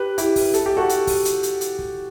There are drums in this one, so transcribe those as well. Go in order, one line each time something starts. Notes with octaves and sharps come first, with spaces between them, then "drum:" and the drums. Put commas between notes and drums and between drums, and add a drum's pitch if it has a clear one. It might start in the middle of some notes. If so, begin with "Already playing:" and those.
Already playing: G4 B4
E4 G4, drum: hi-hat
drum: kick, open hi-hat
A4, drum: hi-hat
G4
F#4 A4
drum: hi-hat
drum: kick, open hi-hat
drum: hi-hat
drum: hi-hat
drum: hi-hat
drum: kick